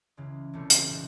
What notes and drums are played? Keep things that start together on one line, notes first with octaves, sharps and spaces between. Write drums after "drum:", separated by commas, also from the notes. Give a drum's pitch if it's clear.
C#2 C#3 E3
C2 C3 E3 A3 C#4
drum: hi-hat
A#2 G3 C4 D#4 F#4